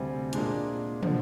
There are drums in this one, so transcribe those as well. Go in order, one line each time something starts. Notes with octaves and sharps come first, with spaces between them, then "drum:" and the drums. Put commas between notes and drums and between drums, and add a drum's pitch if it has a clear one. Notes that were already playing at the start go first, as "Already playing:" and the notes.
Already playing: D2 C3 G3 C4 G#5
A#2 G#3 D4, drum: hi-hat
D3 F3, drum: tom